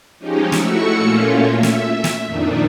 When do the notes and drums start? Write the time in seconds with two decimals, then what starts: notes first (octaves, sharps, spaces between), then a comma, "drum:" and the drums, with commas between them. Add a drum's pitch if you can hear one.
0.18 F3 G#3 C#4 D#4 G4
0.52 A3 E4 F#4 C#6 E6 C#7, drum: snare
0.95 A#2 A3 A#3 C#4 F4
1.53 E5
1.63 drum: snare
2.04 drum: snare
2.26 F2 A#2 D#3 D4 D#4